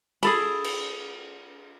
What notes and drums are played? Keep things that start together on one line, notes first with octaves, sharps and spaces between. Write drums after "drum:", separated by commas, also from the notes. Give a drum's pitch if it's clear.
G#4 A4 B5, drum: cymbal
drum: cymbal